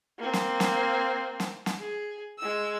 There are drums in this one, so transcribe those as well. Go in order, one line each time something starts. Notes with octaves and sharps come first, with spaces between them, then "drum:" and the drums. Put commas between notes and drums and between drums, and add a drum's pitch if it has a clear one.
A#3 C4
drum: snare
drum: snare
drum: snare
drum: snare
G#4
G#3 E6